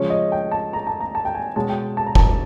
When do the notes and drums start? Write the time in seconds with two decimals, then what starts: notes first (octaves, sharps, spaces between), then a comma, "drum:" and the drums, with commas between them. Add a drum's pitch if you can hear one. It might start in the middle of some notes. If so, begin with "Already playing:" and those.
Already playing: C#3 F3 G#3 C#4 C#5
0.10 D#5
0.32 G5
0.52 A5
0.73 A#5
0.87 A5
1.01 A#5
1.15 A5
1.25 G5
1.35 G#5
1.56 B2 G#3 C#4 A5
1.70 G5
1.97 A5
2.07 A#5
2.15 A5, drum: kick F1